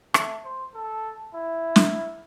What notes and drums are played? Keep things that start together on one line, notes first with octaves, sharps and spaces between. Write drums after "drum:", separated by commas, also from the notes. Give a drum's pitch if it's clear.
A3, drum: rim click
C5
A4
E4
drum: snare